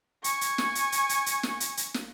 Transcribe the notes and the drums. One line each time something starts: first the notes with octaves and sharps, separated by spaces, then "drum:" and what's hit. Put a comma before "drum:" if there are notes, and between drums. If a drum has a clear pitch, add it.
G#5 C#6, drum: hi-hat
drum: hi-hat
drum: snare
drum: hi-hat
drum: hi-hat
drum: hi-hat
drum: hi-hat
drum: snare
drum: hi-hat
drum: hi-hat
drum: snare